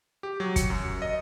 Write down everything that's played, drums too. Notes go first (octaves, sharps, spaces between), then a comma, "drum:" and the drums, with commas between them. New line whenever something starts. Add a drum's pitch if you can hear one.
G4
F#3
C#7, drum: kick, hi-hat
F#2
D#5